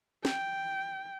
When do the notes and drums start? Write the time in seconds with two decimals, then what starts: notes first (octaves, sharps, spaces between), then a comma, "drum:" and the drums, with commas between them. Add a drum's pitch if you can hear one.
0.25 G5, drum: snare